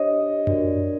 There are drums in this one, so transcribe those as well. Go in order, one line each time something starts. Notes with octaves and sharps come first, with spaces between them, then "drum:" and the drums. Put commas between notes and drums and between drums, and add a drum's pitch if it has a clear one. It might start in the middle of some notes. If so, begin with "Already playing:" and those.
Already playing: D4 G4 C5 C#5 D#5
D4 F#4 A#4 D5, drum: tom F#2